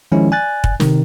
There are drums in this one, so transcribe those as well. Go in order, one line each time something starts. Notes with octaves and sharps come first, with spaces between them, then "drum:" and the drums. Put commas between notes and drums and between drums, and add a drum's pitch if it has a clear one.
D#3 F3 G#3 C#4 E4
D5 G#5 F#6 A6
drum: kick
C3 D#3, drum: snare